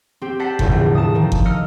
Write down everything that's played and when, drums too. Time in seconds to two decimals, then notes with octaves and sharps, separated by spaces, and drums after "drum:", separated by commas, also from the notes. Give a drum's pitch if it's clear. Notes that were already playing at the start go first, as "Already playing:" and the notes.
0.21 C4 G4
0.39 C5 D5 F#5 A5 B6 C7
0.59 F1 A#1 E2 A2 D3, drum: kick G1
0.95 A5 D#6
1.15 D#3 F3
1.32 drum: kick G1
1.45 D#5 E6 F6 C#7